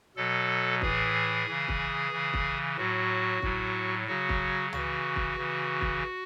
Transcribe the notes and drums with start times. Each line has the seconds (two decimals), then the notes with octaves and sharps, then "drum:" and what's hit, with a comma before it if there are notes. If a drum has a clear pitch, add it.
0.16 B2 F#3 A4
0.82 A2 E3 G#4, drum: kick
1.47 C#3 E3
1.68 drum: kick
2.11 C#3 E3
2.34 drum: kick
2.77 A2 F#3 F#4
3.42 A2 F#3, drum: kick
4.07 C#3 F#3 F#4
4.29 drum: kick
4.73 C#3 E3 F#4, drum: tom
5.16 drum: kick
5.38 C#3 E3
5.81 drum: kick